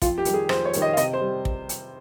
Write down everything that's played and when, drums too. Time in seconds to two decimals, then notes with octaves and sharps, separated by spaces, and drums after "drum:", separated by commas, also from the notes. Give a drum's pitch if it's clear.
0.02 F2 F4, drum: kick, hi-hat
0.18 G4
0.25 D#3 G3, drum: hi-hat
0.34 G#4
0.49 F2 C5, drum: rim click
0.65 C#5
0.73 D#3 G3, drum: hi-hat
0.82 D#5
0.93 F5
0.97 C3 D#5, drum: hi-hat
1.13 C5
1.21 G3
1.45 drum: kick
1.69 drum: hi-hat